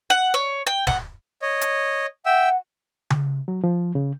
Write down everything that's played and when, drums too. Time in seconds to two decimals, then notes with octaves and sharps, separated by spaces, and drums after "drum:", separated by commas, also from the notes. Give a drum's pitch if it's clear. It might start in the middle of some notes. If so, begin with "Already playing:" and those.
0.10 F#5
0.34 C#5
0.67 G5
0.87 F#5, drum: snare
1.42 C#5 D#5
1.61 drum: hi-hat
2.26 E5 F#5 G5 E6
3.10 drum: tom C#3
3.48 F#3
3.64 F3
3.95 C#3